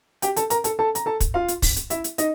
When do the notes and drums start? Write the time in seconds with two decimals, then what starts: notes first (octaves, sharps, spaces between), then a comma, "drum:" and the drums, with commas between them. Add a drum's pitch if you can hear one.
0.22 G4 G5, drum: hi-hat
0.36 A4 A5, drum: hi-hat
0.50 A#4 A#5, drum: hi-hat
0.64 A4 A5, drum: hi-hat
0.79 A4 A5
0.95 A#5, drum: hi-hat
1.06 A4 A5
1.20 drum: kick, hi-hat
1.34 F4 F5
1.48 drum: hi-hat
1.62 drum: kick, open hi-hat
1.76 drum: hi-hat
1.90 E4 E5, drum: hi-hat
2.04 drum: hi-hat
2.18 D#4 D#5, drum: hi-hat